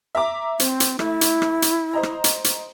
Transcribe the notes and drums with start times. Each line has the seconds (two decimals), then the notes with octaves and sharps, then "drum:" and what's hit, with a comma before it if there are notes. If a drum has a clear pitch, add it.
0.15 E5 A#5 D6
0.59 C4 C5, drum: hi-hat
0.80 drum: hi-hat
0.99 A3 E4, drum: rim click
1.21 drum: hi-hat
1.42 drum: rim click
1.62 drum: hi-hat
1.94 C5 D#5 A#5
2.03 drum: rim click
2.24 drum: hi-hat
2.44 drum: hi-hat